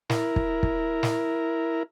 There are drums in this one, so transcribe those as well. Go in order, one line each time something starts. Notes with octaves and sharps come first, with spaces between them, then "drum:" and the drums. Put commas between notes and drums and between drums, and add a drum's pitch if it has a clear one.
E4 A#4, drum: snare
drum: kick
drum: kick
drum: snare